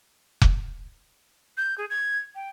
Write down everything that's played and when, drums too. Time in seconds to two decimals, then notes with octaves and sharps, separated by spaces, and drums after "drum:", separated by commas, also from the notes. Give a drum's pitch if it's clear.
0.42 drum: kick F1
1.57 G6
1.78 G#4
1.90 G#6
2.35 G5